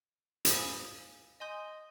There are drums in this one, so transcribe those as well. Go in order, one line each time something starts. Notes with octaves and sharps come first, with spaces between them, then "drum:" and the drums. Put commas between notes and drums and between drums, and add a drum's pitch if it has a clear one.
C5 F5 G#5 B5 D#6, drum: hi-hat
D#5 G#5 C6 D#6 G6